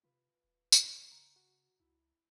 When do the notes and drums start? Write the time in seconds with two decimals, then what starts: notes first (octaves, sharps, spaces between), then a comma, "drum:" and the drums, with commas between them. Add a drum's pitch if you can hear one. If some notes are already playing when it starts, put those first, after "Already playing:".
0.04 C3 F4 B4
0.44 D#1
0.72 drum: tambourine
1.11 C#3 A#5
1.36 F#4
1.80 C#2 E4